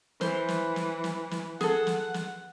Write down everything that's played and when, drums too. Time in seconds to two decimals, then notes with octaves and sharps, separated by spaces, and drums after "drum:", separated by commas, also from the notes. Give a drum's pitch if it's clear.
0.21 E3 C5, drum: snare
0.48 drum: snare
0.76 drum: snare
1.04 drum: snare
1.31 drum: snare
1.61 G#4 A4 F#5, drum: snare
1.87 drum: snare
2.14 drum: snare